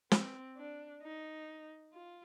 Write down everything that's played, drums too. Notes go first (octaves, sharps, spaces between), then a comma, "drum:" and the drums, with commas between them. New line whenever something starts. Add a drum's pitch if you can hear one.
C4, drum: snare
D4
D#4
F4